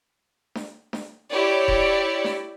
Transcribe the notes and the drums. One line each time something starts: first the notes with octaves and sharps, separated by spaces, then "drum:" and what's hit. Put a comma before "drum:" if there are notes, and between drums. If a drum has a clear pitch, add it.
drum: snare D4
drum: snare D4
E4 G4 C#5 D5
drum: kick D#1
drum: snare D4